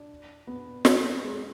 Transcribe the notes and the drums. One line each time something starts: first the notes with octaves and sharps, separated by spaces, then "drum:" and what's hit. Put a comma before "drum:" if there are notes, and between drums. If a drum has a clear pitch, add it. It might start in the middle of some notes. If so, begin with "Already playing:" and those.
Already playing: D4
B3
drum: snare
G#3